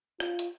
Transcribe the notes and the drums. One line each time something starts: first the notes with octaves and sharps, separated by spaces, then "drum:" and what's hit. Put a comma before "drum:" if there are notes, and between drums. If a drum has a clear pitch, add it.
F4, drum: rim click
drum: hi-hat